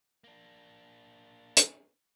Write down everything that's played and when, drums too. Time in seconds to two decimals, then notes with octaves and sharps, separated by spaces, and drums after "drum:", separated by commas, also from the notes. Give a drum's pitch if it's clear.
0.24 A#3 D4
1.57 drum: hi-hat